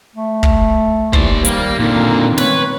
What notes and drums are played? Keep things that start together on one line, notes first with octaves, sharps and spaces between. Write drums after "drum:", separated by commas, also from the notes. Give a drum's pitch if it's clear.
A3
drum: kick
D#2 E3 C5 D5, drum: kick
G3 A#3, drum: hi-hat
A#2 D3 D#3 A#3 C4
B4 C#5, drum: snare